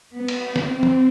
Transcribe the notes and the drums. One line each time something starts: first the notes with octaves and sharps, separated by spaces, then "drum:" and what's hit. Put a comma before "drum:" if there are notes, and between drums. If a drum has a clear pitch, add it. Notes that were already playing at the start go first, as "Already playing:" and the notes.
B3
drum: cymbal
drum: snare
C4
drum: tom